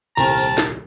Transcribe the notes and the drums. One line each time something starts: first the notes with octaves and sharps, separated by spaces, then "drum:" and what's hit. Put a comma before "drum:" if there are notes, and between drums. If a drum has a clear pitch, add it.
D#1 C2 A3 C4 G4 A#4 A5 A#5, drum: tambourine
drum: tambourine
drum: snare